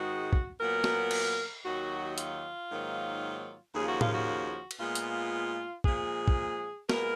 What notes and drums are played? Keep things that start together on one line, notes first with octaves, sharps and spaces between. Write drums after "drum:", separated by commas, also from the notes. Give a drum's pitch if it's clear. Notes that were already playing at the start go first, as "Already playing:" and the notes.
Already playing: G#2 D#3 G#3 F#4
drum: kick
A#2 F#3 B3 A#4
drum: snare
drum: cymbal
D#2 D#3 F#3 F#4
F4, drum: hi-hat
G#2 D#3 F#3 A#3
D#2 C#3 F3 A#3 G#4
F#4
F4, drum: tom A2
F#4
drum: cymbal
A#2 G#3 B3 F4
drum: hi-hat
A#2 F3 G#3 G#4, drum: kick
drum: kick
A#2 G#3 B3 A#4, drum: snare